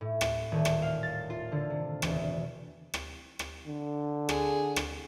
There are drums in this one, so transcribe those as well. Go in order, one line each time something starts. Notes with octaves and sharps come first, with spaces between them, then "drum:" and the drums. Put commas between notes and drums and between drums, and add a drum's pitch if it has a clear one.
A2
F#5, drum: rim click
D#1
drum: rim click
F5
A6
F4
D3
C3
E1, drum: rim click
drum: rim click
drum: rim click
D3
G#4, drum: rim click
drum: rim click